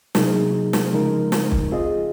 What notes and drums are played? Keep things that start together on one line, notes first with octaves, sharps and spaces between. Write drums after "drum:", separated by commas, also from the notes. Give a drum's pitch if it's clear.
C3 F#3 A#3 D#4 G#4, drum: snare
drum: snare
C#3 F3 G#3 D#4 A#4
drum: snare
drum: kick
C4 F4 G#4 D#5